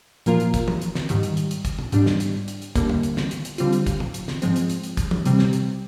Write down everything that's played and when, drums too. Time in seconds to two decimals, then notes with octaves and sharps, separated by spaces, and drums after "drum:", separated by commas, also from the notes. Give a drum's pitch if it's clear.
0.26 A#2 F3 A#3 F4 A#4, drum: hi-hat
0.40 drum: hi-hat
0.54 drum: kick, hi-hat
0.68 drum: tom
0.82 drum: hi-hat
0.95 drum: snare
1.09 G#2 D#3 G3, drum: hi-hat
1.23 drum: hi-hat
1.37 drum: hi-hat
1.51 drum: hi-hat
1.65 drum: kick, hi-hat
1.79 drum: tom
1.92 G#2 G3 D4, drum: hi-hat
2.06 drum: snare
2.20 drum: hi-hat
2.48 drum: hi-hat
2.62 drum: hi-hat
2.76 D3 G3 A#3, drum: kick, hi-hat
2.89 drum: tom
3.03 drum: hi-hat
3.17 drum: snare
3.31 drum: hi-hat
3.45 drum: hi-hat
3.58 D3 G3 C4 F4, drum: hi-hat
3.73 drum: hi-hat
3.86 drum: kick, hi-hat
4.00 drum: tom
4.14 drum: hi-hat
4.28 drum: snare
4.42 G#2 F3 G#3 C4, drum: hi-hat
4.56 drum: hi-hat
4.70 drum: hi-hat
4.83 drum: hi-hat
4.97 drum: kick, hi-hat
5.11 drum: tom
5.25 C3 G3 C4, drum: hi-hat
5.39 drum: snare
5.53 drum: hi-hat